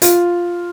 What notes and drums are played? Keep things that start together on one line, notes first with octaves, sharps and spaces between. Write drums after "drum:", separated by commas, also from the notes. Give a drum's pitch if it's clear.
F4, drum: hi-hat